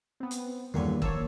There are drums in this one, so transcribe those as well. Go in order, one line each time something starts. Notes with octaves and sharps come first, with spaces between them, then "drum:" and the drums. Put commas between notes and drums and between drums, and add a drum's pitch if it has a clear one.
B3 C4
drum: hi-hat
G1 E2 A#2 D3 D#3 F3 G3 C#5
A#3 C#5 A5 E6, drum: kick